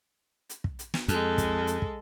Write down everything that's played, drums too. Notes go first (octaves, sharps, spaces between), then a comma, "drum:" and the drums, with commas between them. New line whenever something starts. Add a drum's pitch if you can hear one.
drum: hi-hat
drum: kick
drum: hi-hat
drum: snare
F2 G#3 A4, drum: hi-hat
drum: kick, hi-hat
drum: hi-hat
drum: kick